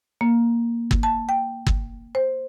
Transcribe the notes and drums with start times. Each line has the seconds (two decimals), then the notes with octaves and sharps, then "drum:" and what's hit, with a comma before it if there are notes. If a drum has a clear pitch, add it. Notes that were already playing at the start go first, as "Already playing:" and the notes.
0.21 A#3
0.91 drum: kick
1.03 A5
1.29 G5
1.67 drum: kick
2.15 C5